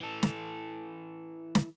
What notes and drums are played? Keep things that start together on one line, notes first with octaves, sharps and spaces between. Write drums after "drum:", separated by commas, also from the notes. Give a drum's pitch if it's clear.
E3 A4
drum: snare
drum: snare